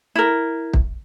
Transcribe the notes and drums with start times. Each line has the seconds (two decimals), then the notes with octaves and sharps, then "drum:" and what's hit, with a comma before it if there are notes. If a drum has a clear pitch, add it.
0.15 E4 A#4
0.73 drum: kick